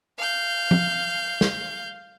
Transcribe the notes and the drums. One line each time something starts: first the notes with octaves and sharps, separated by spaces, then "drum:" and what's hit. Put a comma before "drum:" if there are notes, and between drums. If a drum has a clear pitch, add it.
F5 G6
drum: tom
drum: snare